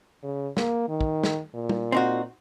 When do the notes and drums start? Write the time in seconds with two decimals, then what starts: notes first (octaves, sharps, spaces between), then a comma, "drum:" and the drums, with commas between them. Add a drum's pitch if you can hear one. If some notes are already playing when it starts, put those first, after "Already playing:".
0.23 C#3
0.57 A#3, drum: snare
0.89 D#3
1.01 drum: kick
1.24 drum: snare
1.55 A#2
1.69 drum: tom
1.92 C4 D#4 F#4